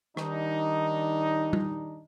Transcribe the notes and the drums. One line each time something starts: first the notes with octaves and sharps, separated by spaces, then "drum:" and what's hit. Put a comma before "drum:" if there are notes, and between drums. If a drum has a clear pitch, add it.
D#3 G3 D4 D#4, drum: rim click
drum: tom G3